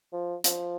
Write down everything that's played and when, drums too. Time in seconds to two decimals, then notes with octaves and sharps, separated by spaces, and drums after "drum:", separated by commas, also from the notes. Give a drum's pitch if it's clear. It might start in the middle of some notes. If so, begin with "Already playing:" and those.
0.13 F3
0.44 F3, drum: hi-hat